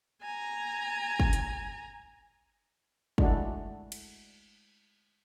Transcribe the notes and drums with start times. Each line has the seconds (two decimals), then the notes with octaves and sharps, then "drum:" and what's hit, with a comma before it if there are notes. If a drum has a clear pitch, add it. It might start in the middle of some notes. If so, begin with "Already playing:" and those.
0.22 G#5 A#5
1.20 drum: kick
1.33 drum: hi-hat
3.18 G#3 A3 D4 E4 F#4, drum: kick
3.92 drum: cymbal